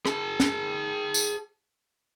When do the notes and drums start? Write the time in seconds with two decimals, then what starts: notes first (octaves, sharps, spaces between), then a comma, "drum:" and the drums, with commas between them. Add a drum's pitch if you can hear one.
0.05 G#4 A5, drum: rim click
0.40 drum: snare
1.14 drum: tambourine